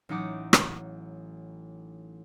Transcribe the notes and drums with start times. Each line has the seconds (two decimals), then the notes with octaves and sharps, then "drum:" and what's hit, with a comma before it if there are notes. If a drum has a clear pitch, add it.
0.09 A1 F#3 D#4 F#5 D6 D#6
0.53 drum: rim click